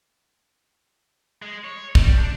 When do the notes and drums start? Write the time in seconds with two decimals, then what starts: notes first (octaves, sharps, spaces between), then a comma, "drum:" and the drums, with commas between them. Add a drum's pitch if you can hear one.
1.42 G#3
1.64 C#5
1.95 G3, drum: kick
2.19 D4